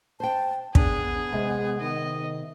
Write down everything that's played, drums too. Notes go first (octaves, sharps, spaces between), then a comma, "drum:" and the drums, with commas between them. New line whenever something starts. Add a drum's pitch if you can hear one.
C5 G5 A5
B3 D4 G#4, drum: kick
C3 G#3
D#3 D#5